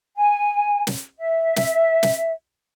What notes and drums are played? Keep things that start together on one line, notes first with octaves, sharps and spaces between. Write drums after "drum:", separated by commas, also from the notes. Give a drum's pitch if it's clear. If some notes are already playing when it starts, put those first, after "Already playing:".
G#5
drum: snare
E5
drum: snare
drum: snare